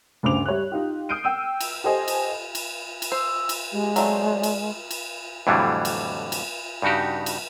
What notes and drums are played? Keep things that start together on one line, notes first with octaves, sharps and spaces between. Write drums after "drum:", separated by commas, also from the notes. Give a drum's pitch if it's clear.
D2 G2 C#3 C5 D6 F7
G3 C#5 E5 F#6
D#4 F4 G4
D#6 F6 G6 C7 D7 D#7
G5 E6 D#7
drum: cymbal
G4 A4 C5 D#5 G#5
drum: cymbal
drum: cymbal
drum: cymbal
C5 E6
drum: cymbal
G#3 G4
F#3 A3 C4 D5, drum: cymbal
drum: cymbal
drum: cymbal
F2 A2 D3 E3 F#3 G3
drum: cymbal
drum: cymbal
G2 C#3 D#4 F#4 G4
drum: cymbal